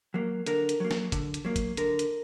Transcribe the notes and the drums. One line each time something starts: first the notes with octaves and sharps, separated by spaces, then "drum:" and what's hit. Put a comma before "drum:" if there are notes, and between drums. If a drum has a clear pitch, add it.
F#3 A#3
D3 A#4, drum: hi-hat
drum: hi-hat
F#3 A#3
drum: snare
D3, drum: kick, hi-hat
drum: hi-hat
F#3 A#3
drum: kick, hi-hat
D3 A#4, drum: hi-hat
drum: hi-hat